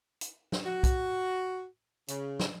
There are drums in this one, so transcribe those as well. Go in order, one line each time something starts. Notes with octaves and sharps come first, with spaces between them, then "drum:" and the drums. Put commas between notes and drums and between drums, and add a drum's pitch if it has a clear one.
drum: hi-hat
drum: snare
F#4
drum: kick, hi-hat
C#3, drum: hi-hat
drum: snare